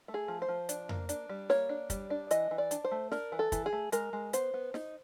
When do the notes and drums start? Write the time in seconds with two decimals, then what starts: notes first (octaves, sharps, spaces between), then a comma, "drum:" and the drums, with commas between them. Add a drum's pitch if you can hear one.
0.08 A3
0.14 G#4
0.28 F3
0.42 C5
0.49 F3
0.69 D4, drum: hi-hat
0.89 A#3, drum: tom F2
1.09 D4, drum: hi-hat
1.29 G3
1.50 A#3 C#5, drum: snare
1.69 D4
1.90 G3, drum: kick, hi-hat
2.10 D4
2.31 E3 D#5, drum: hi-hat
2.51 E3
2.58 D5
2.71 D4, drum: hi-hat
2.85 C5
2.91 A3
3.12 D4 A#4, drum: snare
3.32 E3
3.39 A4
3.52 E3, drum: kick, hi-hat
3.66 G#4
3.73 A3
3.92 G#3 A#4, drum: hi-hat
4.13 G#3
4.33 B3 C5, drum: hi-hat
4.54 B3
4.74 D#4, drum: snare